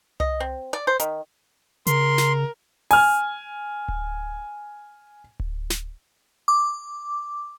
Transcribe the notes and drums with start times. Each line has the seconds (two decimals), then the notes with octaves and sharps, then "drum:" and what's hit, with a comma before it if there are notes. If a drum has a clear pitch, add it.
0.20 D#5, drum: tom C2
0.40 C4
0.73 D5
0.87 C5
1.00 D#3, drum: hi-hat
1.87 C#3 A#4 C6, drum: hi-hat
2.18 drum: snare
2.91 G#5 F6, drum: open hi-hat
3.88 drum: kick D1
5.40 drum: kick D1
5.70 drum: snare
6.48 D6